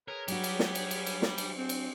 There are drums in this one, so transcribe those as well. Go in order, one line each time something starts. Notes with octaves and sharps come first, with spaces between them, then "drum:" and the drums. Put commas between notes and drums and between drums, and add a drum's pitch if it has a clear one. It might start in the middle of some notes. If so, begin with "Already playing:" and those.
G#4 A#4 B4 C#5
F#3 G3 F#4 G4, drum: cymbal
drum: cymbal
drum: snare
drum: cymbal
drum: cymbal
drum: cymbal
drum: snare
drum: cymbal
C4
drum: cymbal